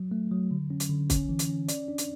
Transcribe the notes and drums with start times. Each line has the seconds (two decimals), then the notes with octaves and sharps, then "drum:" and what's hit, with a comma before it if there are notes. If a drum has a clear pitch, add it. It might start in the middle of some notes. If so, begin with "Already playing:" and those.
Already playing: F#3
0.11 A3
0.31 F#3
0.51 D3
0.70 C#4
0.80 drum: hi-hat
0.89 D3
1.10 C#4, drum: kick, hi-hat
1.29 E3
1.39 drum: hi-hat
1.49 C#4
1.68 D5, drum: hi-hat
1.88 D4
1.98 drum: hi-hat